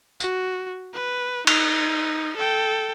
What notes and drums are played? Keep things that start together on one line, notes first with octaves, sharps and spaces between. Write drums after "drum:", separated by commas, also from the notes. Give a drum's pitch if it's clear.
F#4, drum: tambourine
B4
D#4, drum: cymbal
A4 G5